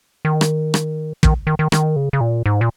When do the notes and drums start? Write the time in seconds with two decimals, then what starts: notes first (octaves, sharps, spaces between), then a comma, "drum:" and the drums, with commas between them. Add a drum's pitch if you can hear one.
0.25 D#3
0.41 drum: rim click
0.74 drum: rim click
1.23 D#3, drum: kick
1.47 D#3
1.59 D#3
1.72 D#3, drum: rim click
1.96 C#3
2.13 C#3
2.21 A#2
2.46 G#2
2.61 A#2